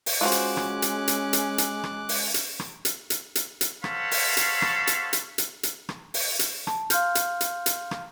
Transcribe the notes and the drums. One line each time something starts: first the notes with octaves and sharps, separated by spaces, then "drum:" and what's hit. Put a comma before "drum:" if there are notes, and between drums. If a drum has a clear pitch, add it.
drum: open hi-hat
G#3 C#4 F4 F#4 C5 D6 F#6
drum: hi-hat
drum: rim click
drum: hi-hat
drum: hi-hat
drum: hi-hat
drum: hi-hat
drum: rim click
drum: open hi-hat
drum: hi-hat
drum: rim click
drum: hi-hat
drum: hi-hat
drum: hi-hat
drum: hi-hat
A4 C5 C#5 F5 F#5 B5, drum: rim click
drum: open hi-hat
drum: hi-hat
drum: rim click
drum: hi-hat
drum: hi-hat
drum: hi-hat
drum: hi-hat
drum: rim click
drum: open hi-hat
drum: hi-hat
A5, drum: rim click
F5 C6 F6 G6, drum: hi-hat
drum: hi-hat
drum: hi-hat
drum: hi-hat
drum: rim click